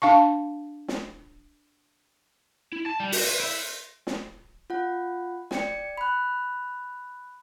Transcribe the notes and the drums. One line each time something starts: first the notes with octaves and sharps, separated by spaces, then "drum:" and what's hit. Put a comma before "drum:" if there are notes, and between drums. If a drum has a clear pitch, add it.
D4 F5 A5 C#6
drum: snare
E4
A5
G3
F#4, drum: open hi-hat
B4
E4
drum: snare
F4 F#5
D5 G5 C#7, drum: snare
B5 F#6